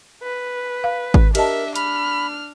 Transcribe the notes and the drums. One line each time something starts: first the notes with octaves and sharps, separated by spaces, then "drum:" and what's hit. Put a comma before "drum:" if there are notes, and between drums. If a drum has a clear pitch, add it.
B4
F5
drum: kick G#1
D4 G4 A#4 D#5 E5 A5, drum: cymbal
B5 F6, drum: hi-hat